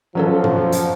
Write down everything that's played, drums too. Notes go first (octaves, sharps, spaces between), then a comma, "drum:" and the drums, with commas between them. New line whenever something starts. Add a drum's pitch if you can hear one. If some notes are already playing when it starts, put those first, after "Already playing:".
F3 F#3 C#4 A4
drum: tom
drum: hi-hat